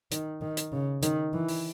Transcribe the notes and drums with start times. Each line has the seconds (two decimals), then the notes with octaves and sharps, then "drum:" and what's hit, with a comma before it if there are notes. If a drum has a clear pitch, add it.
0.12 D#3, drum: hi-hat
0.41 D#3
0.57 drum: hi-hat
0.72 C#3
1.03 D#3, drum: hi-hat
1.34 E3
1.48 drum: open hi-hat